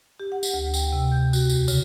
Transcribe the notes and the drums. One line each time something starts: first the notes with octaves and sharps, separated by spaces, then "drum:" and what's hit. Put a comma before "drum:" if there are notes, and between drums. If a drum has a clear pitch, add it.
G4
F#5
drum: tambourine
D2
G5, drum: tambourine
C3
G6
F#4, drum: tambourine
E2, drum: tambourine
C#3, drum: tambourine